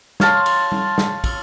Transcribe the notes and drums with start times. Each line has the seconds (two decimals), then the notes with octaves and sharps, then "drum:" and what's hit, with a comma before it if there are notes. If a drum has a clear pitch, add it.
0.20 C#5 F5 A5 C6, drum: snare
0.46 drum: cymbal
0.72 drum: tom G3
0.98 drum: snare
1.24 drum: kick, cymbal